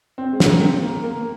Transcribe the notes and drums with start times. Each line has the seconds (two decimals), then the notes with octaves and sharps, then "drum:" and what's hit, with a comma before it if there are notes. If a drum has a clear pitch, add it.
0.18 C4
0.33 G#3
0.40 A#3, drum: snare
0.61 C4
0.82 A#3
1.04 A#3